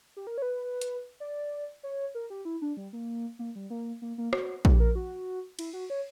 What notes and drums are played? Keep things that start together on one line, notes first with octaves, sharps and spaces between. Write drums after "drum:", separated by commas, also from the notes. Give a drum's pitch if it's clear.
G4
A#4
C#5
B4
drum: hi-hat
D5
C#5
A#4
G4
E4
D4
G3
A#3
A#3
G3
A#3
A#3
A#3
F#4, drum: rim click
G4, drum: kick A#1
A#4
F#4
E4, drum: cymbal
F#4
C#5